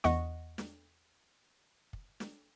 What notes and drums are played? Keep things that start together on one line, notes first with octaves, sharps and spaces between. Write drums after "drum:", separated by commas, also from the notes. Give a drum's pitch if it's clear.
E2 D#5 F#5 C#6, drum: snare
drum: snare
drum: kick
drum: snare